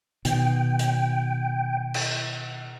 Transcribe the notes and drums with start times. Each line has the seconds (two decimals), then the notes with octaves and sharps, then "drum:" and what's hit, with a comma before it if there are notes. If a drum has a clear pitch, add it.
0.25 B2 D#3 G5, drum: hi-hat
0.79 drum: hi-hat
1.94 drum: cymbal